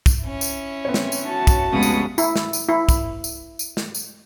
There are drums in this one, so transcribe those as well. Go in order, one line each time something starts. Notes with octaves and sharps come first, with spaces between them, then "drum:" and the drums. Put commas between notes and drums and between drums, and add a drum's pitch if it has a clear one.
drum: kick, tambourine
C#4 E4
drum: tambourine
B3 C4 C#5
drum: snare
drum: tambourine
F#4 A5
drum: kick, tambourine
F1 C#3 G#3 B3 C#6 D#6
drum: tambourine
E4, drum: tambourine
drum: snare
drum: tambourine
E4
drum: kick, tambourine
drum: tambourine
drum: tambourine
drum: snare
drum: tambourine